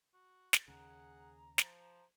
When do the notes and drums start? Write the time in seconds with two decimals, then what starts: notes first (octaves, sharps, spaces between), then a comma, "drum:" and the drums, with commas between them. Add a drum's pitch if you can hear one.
0.14 F#4
0.53 drum: snare
0.68 D#2 C#3 G#4 F#5 A#5
1.58 F3 C5, drum: snare